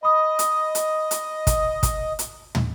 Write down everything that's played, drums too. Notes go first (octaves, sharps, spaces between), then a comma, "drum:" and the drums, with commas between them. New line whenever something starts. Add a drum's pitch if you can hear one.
D#5 B5 D#6
drum: hi-hat
drum: hi-hat
drum: hi-hat
drum: kick, hi-hat
drum: kick, hi-hat
drum: hi-hat
drum: tom